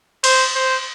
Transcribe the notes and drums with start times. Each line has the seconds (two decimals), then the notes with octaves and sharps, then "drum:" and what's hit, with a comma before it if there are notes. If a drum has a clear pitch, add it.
0.24 C5, drum: cymbal
0.55 C5